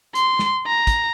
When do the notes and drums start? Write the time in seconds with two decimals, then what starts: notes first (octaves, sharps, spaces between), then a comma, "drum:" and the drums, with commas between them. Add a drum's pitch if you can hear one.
0.15 C6, drum: hi-hat
0.39 drum: snare
0.67 A#5
0.87 drum: kick, hi-hat